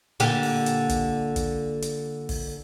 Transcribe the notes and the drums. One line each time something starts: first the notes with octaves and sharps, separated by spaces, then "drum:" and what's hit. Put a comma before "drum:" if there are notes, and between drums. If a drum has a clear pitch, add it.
A#2 D3 G4, drum: hi-hat
drum: open hi-hat
drum: hi-hat
drum: kick, hi-hat
drum: kick, hi-hat
drum: hi-hat
drum: kick, open hi-hat